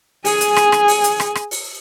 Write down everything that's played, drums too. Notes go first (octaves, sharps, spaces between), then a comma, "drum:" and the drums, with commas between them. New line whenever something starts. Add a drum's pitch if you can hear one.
G#4 G#5, drum: open hi-hat
drum: hi-hat
drum: rim click
drum: rim click
drum: open hi-hat
drum: hi-hat
drum: rim click
drum: rim click
drum: open hi-hat